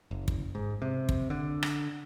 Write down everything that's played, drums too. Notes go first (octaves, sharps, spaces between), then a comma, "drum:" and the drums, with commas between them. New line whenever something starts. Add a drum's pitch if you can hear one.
F#1
drum: kick
G#2
C3
drum: kick
D3
drum: rim click